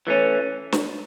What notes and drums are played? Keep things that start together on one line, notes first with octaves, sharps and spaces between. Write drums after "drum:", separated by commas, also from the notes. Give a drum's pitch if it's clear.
E3 A3 C#4
drum: snare